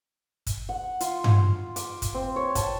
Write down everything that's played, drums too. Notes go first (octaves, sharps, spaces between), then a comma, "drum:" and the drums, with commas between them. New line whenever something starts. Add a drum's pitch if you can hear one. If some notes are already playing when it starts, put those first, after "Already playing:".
drum: kick, hi-hat
F#5
F4, drum: hi-hat
drum: tom G2
D6, drum: hi-hat
drum: kick, hi-hat
C4
C#5
A5, drum: kick, hi-hat